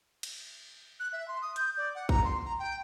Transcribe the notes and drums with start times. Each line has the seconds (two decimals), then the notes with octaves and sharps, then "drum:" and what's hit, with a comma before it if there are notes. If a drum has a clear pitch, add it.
0.23 drum: cymbal
1.00 F#6
1.12 E5
1.28 C6
1.42 D#6
1.56 G6, drum: hi-hat
1.77 D5
1.95 F#5
2.09 A#5, drum: kick
2.24 C6
2.45 A#5
2.59 G5